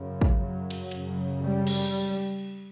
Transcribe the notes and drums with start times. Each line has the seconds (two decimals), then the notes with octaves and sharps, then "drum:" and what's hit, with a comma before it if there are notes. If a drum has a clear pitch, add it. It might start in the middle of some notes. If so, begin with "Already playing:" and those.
Already playing: F#2 C#3
0.21 drum: kick
0.39 F#3
0.70 drum: cymbal
0.91 F#2 C#3, drum: cymbal
1.43 G3
1.67 drum: cymbal